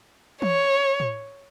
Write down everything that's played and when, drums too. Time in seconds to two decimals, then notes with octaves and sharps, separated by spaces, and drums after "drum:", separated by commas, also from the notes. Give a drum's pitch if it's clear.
0.42 C#5, drum: tom E3
1.00 drum: tom A2